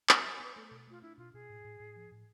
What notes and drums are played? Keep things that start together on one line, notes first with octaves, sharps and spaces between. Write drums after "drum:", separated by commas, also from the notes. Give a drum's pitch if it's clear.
B3 F5, drum: clap
E5
B3
G#5
B3 B4
A3 A4
A4
B2
A3 F4
D4 E4
B2 F4
B2 G#4
A2
A2
A2
F3
A2